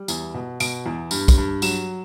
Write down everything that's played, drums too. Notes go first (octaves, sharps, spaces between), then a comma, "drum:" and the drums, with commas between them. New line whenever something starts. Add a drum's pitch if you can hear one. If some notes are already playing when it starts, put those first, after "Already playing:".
Already playing: G3
E2, drum: tambourine
B2
B2 D7, drum: tambourine
E2
G2, drum: tambourine
drum: kick, tambourine
G2
F#3 E7, drum: tambourine